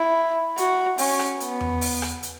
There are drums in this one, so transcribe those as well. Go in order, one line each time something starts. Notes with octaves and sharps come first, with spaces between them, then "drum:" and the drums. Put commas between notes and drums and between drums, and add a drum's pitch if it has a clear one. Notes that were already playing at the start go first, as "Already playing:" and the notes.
Already playing: E4
F#4, drum: hi-hat
C#4, drum: open hi-hat
drum: rim click
B3, drum: hi-hat
drum: tom E2
drum: open hi-hat
drum: rim click
drum: hi-hat